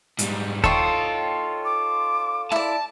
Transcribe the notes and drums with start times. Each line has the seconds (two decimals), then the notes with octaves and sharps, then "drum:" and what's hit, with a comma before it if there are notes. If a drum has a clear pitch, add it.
0.19 G#2 G3, drum: hi-hat
0.64 D#4 F4 A4 C5 C#5 G5 C#6, drum: kick D2
1.65 D6
2.52 E4 D5 A5